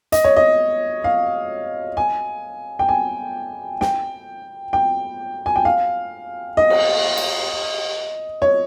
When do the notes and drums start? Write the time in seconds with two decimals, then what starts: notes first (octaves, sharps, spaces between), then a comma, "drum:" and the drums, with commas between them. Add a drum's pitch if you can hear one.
0.12 D#5, drum: hi-hat
0.24 C#5
0.36 D#5
1.04 F5
1.97 G#5
2.79 G5
2.89 G#5
3.81 G5, drum: snare
4.73 G5
5.46 G#5
5.56 G5
5.65 F5
6.57 D#5
6.70 drum: cymbal
7.17 drum: cymbal
8.42 C#5